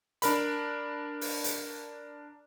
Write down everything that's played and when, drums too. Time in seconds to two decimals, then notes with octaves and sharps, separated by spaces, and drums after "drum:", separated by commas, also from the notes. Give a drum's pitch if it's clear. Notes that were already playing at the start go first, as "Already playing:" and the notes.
0.22 D4 A#4 B5, drum: hi-hat
1.21 drum: open hi-hat
1.44 drum: hi-hat